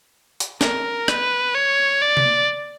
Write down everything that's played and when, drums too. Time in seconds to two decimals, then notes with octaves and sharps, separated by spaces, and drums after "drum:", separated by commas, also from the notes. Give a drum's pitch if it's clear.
0.40 drum: hi-hat
0.61 A#4, drum: snare
1.08 B4, drum: rim click
1.55 C#5
2.02 D5
2.17 drum: tom C3